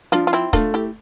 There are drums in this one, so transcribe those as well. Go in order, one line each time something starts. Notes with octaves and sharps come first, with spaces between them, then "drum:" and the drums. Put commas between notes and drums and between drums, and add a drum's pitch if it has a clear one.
F3 D4 F4
F4
C4 E4
A3 D4 F4, drum: kick, hi-hat
E4 G4